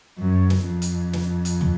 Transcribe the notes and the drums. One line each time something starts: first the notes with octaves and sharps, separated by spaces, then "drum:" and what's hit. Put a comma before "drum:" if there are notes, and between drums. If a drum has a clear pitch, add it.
F#2
drum: snare
F2
drum: hi-hat
drum: snare
drum: hi-hat
drum: tom